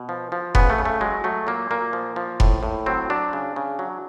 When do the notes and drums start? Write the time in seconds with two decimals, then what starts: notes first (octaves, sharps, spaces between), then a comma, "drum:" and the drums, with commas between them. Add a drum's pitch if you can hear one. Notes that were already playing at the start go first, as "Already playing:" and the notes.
Already playing: B2
0.09 F3
0.32 F3
0.55 C#3 B3, drum: kick F1
0.70 A3
0.78 C#3
0.85 A3
1.01 F#3 G#3
1.24 F#3 A3
1.47 A#2 A#3
1.71 A#2 A#3
1.93 F3
2.16 F3
2.40 A2, drum: kick F1
2.63 A2
2.86 F#3 C4
3.10 F#3 D4
3.33 C#3
3.56 C#3
3.79 F#3